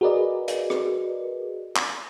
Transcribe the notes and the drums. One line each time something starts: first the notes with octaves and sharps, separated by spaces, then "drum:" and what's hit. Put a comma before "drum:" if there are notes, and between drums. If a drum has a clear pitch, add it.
F#4 G#4 A#4 B4 D5 D#5
drum: hi-hat
drum: rim click
drum: clap